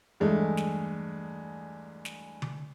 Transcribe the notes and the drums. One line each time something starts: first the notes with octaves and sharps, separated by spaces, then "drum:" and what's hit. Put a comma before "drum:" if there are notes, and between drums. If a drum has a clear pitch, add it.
E2 G2 G#3 A3
drum: snare
drum: snare
drum: tom D3